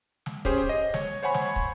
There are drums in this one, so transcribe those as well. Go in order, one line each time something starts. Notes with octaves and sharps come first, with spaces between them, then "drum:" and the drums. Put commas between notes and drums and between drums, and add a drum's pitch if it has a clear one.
drum: snare
C#4 G4 G#4 C5, drum: kick
D#5
C#5, drum: snare
C5 C#5 F#5 G#5 B5 C#6
drum: snare
drum: kick